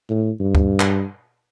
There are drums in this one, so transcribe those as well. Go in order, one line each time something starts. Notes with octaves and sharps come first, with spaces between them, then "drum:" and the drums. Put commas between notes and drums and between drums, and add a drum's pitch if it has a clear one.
A2
G2
drum: kick
drum: clap